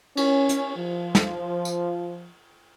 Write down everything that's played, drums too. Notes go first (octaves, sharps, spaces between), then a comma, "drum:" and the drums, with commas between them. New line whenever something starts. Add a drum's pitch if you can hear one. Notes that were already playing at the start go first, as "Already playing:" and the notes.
C#4, drum: cymbal
drum: hi-hat
F3
drum: snare
drum: tambourine